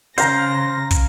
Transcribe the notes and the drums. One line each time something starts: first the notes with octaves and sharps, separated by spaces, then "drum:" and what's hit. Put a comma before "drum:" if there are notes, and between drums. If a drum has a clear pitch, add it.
C#3 C5 F5 A#5 A#6, drum: hi-hat
drum: kick, hi-hat